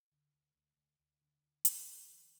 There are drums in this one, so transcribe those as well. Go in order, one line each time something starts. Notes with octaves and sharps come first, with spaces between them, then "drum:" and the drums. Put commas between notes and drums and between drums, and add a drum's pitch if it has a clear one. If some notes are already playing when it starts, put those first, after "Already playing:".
D2 D3
D2
D2
D2
D2
D3
D2
D3, drum: hi-hat
A3
D2 G3
F#3
D3 E3